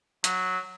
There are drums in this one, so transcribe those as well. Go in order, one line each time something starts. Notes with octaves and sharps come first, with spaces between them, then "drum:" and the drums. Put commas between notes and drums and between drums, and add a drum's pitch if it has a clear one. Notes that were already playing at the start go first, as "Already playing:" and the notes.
F#3, drum: hi-hat